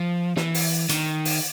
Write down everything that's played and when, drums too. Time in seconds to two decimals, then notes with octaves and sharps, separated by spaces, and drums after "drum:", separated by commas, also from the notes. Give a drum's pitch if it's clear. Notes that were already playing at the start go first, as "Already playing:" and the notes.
Already playing: F3
0.36 E3, drum: snare
0.54 drum: open hi-hat
0.89 D#3, drum: hi-hat
1.25 drum: open hi-hat